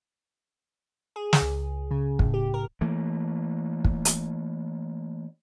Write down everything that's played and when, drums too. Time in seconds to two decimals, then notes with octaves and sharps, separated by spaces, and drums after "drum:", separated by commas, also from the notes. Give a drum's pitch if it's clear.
1.16 G#4
1.33 drum: snare
1.42 C#2
1.91 C#3
2.19 A2, drum: kick
2.34 G4
2.54 A#4
2.81 E3 A3 A#3
3.85 drum: kick
4.05 drum: hi-hat